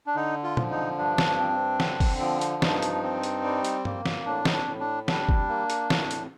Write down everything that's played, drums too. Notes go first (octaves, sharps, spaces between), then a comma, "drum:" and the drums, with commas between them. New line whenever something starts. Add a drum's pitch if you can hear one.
D4
D3 D#4
F4
F3, drum: tom
D#4
G2 D4
drum: snare
C4
D3, drum: snare
drum: kick, open hi-hat
F3
drum: hi-hat
G2 D#4, drum: snare
drum: hi-hat
C4
drum: hi-hat
G3
drum: hi-hat
A#3, drum: tom G2
drum: snare
A2 D4
D#4, drum: snare
D4
A2
D4
G3 D4, drum: snare
drum: kick
A#3
drum: hi-hat
A2, drum: snare
drum: hi-hat